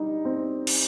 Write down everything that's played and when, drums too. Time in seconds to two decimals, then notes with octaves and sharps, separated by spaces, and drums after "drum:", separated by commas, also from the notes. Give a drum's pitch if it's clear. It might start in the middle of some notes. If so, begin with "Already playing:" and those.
Already playing: G3 D#4
0.25 C4
0.67 drum: cymbal